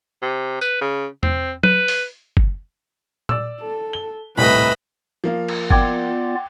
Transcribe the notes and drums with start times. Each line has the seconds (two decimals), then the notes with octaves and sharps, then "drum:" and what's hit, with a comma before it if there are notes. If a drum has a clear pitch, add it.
0.22 C3
0.61 B4, drum: tambourine
0.81 C#3
1.23 C4, drum: tom E2
1.63 B4, drum: tom
1.88 drum: open hi-hat
2.37 drum: kick
3.29 D5 E6, drum: tom A#2
3.61 A4
3.93 G7
4.37 D#1 C2 A2 B4 D#5 E5 B5
5.24 F3 A#3 F5
5.48 drum: cymbal
5.71 B3 F4 D5 G5 D6 G#6, drum: kick